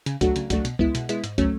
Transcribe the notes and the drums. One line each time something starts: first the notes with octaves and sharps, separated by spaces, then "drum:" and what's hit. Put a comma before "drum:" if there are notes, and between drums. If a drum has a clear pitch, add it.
C#3, drum: hi-hat
F#3 A3 D4 F#4, drum: kick, hi-hat
C#3, drum: hi-hat
F#3 A3 D4 F#4, drum: kick, hi-hat
B2, drum: hi-hat
G#3 B3 E4, drum: kick
B2, drum: hi-hat
G#3 B3 E4, drum: hi-hat
G#2, drum: hi-hat
F#3 A3 C#4, drum: kick, hi-hat